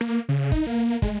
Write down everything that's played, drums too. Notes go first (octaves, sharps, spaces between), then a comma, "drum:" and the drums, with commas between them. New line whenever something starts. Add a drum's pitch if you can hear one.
A#3
C#3
D#4, drum: kick
A#3
G#3, drum: kick